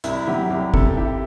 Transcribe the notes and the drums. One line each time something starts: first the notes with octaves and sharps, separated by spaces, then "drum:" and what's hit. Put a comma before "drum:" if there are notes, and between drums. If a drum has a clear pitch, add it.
C2 E4, drum: hi-hat
F#3 G4
C2 G4
C3 A4, drum: kick
E4 G4